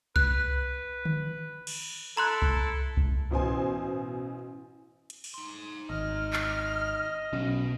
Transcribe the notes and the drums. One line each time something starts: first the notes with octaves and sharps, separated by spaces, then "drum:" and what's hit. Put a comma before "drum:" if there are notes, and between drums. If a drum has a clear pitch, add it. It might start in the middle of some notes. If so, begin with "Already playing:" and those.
B4 F#6, drum: kick C2
drum: tom D3
drum: cymbal
E4 A4 A#5 C6 F#6
drum: kick C2
drum: kick C2
A1 B2 C5 G#5
drum: hi-hat
drum: open hi-hat
D#4 C6
G#1 D#5 F6
drum: clap
B1 B2 F#3 C#4